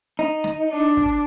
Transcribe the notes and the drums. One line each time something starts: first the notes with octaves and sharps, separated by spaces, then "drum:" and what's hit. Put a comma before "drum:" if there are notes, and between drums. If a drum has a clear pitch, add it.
D#4
drum: snare
D4
drum: kick